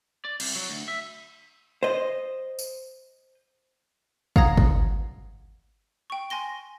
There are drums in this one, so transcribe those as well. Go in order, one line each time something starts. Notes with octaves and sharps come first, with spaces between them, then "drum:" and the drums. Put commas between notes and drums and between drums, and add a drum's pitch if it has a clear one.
D5
C2, drum: cymbal
F#3
D2
E5
C5 D#5
drum: tambourine
F5 F#5 A#5 D#6 G#6 A#6, drum: kick
drum: kick
G5 C#6
G#5 C6 A#6 G7